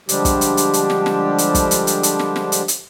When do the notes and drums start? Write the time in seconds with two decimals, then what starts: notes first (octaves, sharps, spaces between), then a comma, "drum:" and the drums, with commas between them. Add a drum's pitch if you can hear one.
0.09 D3 F3 G3 G#3 D4 G4, drum: hi-hat
0.25 drum: kick, hi-hat
0.41 drum: hi-hat
0.57 drum: hi-hat
0.73 drum: hi-hat
0.90 drum: snare
1.06 drum: snare
1.38 drum: hi-hat
1.55 drum: kick, hi-hat
1.71 drum: hi-hat
1.87 drum: hi-hat
2.03 drum: hi-hat
2.19 drum: snare
2.36 drum: snare
2.52 drum: hi-hat
2.68 drum: hi-hat